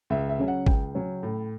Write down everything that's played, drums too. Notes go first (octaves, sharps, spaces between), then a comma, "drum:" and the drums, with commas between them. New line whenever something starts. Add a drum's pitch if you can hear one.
C#2 E5
E5
C#3 F#3 C#4
F#5
C#2 G5, drum: kick
C#3 F#3 C#4
A2